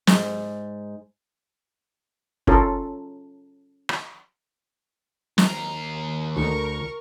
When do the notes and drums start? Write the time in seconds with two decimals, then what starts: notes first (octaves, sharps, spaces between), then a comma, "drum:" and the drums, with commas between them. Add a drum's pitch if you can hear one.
0.07 G#2, drum: snare
2.47 C#4 F4 A4 A#4, drum: kick
3.89 drum: rim click
5.38 D#2 A#5, drum: snare
6.37 D2 D3 A#4 C#6